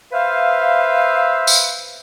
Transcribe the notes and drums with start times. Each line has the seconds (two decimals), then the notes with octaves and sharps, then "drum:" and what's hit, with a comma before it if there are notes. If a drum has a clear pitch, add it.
0.12 B4 C5 E5 F5
1.47 drum: tambourine